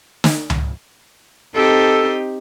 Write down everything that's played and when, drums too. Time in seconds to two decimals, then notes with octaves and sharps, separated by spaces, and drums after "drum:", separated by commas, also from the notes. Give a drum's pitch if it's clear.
0.24 drum: snare
0.50 drum: tom C#2
1.55 C4 D#4 G4 A4